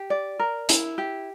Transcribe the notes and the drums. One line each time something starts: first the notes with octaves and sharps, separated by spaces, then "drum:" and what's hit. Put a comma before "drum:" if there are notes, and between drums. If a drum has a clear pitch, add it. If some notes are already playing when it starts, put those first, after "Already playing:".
Already playing: G4
D5
A#4
E4, drum: hi-hat
G4